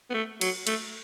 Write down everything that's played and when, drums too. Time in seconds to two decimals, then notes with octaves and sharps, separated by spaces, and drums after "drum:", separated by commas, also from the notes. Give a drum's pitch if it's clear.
0.10 B3
0.14 A3
0.41 F#3, drum: cymbal
0.67 A3, drum: cymbal